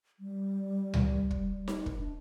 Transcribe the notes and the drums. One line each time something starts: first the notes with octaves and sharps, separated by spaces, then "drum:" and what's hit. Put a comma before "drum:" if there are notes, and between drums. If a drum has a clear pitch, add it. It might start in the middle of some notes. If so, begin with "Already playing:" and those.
G3
drum: tom C#2
drum: kick
drum: snare D#4
drum: kick
D4